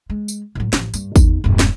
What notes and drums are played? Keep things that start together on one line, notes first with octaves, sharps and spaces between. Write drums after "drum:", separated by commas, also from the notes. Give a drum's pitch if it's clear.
G#3
drum: tambourine
A2 F#3
A1 F3, drum: snare
G2, drum: tambourine
E2 D#4, drum: kick, tambourine
E1 G2
drum: snare